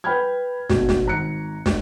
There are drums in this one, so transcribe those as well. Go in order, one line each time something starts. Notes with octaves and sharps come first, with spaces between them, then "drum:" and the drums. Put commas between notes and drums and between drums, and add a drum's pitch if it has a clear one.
B4 G5 B5 F6 G6 G#6
B2, drum: snare
drum: snare
G#1 A#5 F#6 C#7
drum: snare